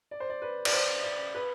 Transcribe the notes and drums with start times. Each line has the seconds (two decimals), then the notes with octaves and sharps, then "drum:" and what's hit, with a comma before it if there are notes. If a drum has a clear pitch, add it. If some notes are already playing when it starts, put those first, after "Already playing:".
0.11 D5
0.20 C5
0.30 D5
0.42 B4
0.65 D5, drum: cymbal
0.73 C5
1.04 D5
1.35 B4